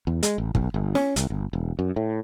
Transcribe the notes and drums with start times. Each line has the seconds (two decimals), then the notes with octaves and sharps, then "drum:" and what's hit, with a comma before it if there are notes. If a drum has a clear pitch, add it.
0.07 E2
0.23 G#3, drum: hi-hat
0.38 A1
0.55 B1, drum: kick
0.74 G1
0.95 C#4, drum: snare
1.16 C2, drum: hi-hat
1.30 G1
1.53 E1
1.79 F#2
1.96 A2